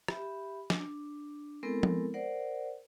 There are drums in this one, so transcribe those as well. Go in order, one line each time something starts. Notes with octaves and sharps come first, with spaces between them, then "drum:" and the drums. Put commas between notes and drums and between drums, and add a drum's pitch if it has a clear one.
G4 E5 B5, drum: rim click
D4, drum: snare
G#3 B3 C4 E4 A4 A#4
drum: tom F3
A#4 C5 D5 F#5